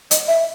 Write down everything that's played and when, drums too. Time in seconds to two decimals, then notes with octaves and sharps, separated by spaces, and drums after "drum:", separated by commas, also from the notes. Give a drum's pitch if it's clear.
0.11 D#5, drum: hi-hat
0.28 E5